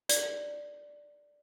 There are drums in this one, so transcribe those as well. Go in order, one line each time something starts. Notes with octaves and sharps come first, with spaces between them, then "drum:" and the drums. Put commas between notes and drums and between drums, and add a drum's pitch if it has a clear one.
D5, drum: hi-hat